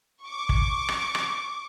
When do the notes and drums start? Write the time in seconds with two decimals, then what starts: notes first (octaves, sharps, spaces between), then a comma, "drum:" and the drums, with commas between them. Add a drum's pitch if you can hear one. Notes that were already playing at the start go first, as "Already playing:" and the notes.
0.23 C#6 D6
0.49 drum: kick
0.89 drum: rim click
1.15 drum: rim click